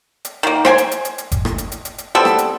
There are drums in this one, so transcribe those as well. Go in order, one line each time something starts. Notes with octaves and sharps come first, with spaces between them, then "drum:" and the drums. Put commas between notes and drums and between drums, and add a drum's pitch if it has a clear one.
drum: hi-hat
D#3 A#3
C5 G5 G#5, drum: rim click
drum: hi-hat
drum: hi-hat
drum: hi-hat
drum: hi-hat
drum: kick F#1, hi-hat
drum: rim click
drum: hi-hat
drum: hi-hat
drum: hi-hat
drum: hi-hat
G3 B3 C4 A4
drum: rim click
drum: hi-hat